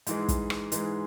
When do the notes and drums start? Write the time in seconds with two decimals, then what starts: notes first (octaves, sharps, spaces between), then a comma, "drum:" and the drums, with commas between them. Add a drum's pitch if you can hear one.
0.07 G#2 E3 G#3, drum: hi-hat
0.29 drum: kick, hi-hat
0.50 drum: rim click
0.72 G#2 E3 G#3, drum: hi-hat